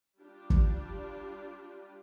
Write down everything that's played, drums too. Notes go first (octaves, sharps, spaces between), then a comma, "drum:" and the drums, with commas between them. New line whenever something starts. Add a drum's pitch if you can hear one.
G3 D4 F4 G4
drum: kick